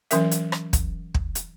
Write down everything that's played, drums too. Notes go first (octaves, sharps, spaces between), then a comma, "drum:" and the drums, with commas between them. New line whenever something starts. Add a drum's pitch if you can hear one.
E3 F#3 C#4 A#4 E5, drum: hi-hat
drum: hi-hat
drum: rim click
drum: kick, hi-hat
drum: kick
drum: hi-hat